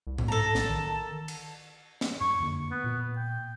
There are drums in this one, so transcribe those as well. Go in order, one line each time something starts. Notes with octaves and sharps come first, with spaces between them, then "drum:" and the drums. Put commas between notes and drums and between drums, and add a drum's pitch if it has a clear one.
C2
drum: tom A2
G#2 A4 A5 A#5
B1, drum: snare
D#3
drum: cymbal
drum: snare
F#2 C#6
F2 D3 A#3
B3
A#2
G5